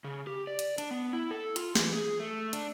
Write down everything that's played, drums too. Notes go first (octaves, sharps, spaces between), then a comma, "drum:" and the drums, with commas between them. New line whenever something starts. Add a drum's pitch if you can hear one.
C#3
G4
D5
drum: hi-hat
D4, drum: hi-hat
B3
E4
A4
F4, drum: hi-hat
E3, drum: snare
G#4
A3
D4, drum: hi-hat